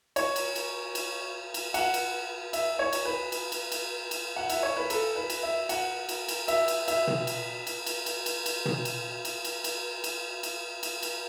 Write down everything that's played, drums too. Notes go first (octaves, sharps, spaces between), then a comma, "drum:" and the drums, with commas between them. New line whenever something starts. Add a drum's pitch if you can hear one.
C#5, drum: cymbal
drum: cymbal
drum: cymbal
drum: cymbal
drum: cymbal
F#5, drum: cymbal
drum: cymbal
E5, drum: cymbal
C#5
drum: cymbal
B4
drum: cymbal
drum: cymbal
drum: cymbal
drum: cymbal
F#5
E5, drum: cymbal
C#5
B4
A4, drum: cymbal
B4
drum: cymbal
E5
F#5, drum: cymbal
drum: cymbal
drum: cymbal
E5, drum: cymbal
drum: cymbal
E5, drum: cymbal
drum: tom
drum: cymbal
drum: cymbal
drum: cymbal
drum: cymbal
drum: cymbal
drum: cymbal
drum: tom
drum: cymbal
drum: cymbal
drum: cymbal
drum: cymbal
drum: cymbal
drum: cymbal
drum: cymbal
drum: cymbal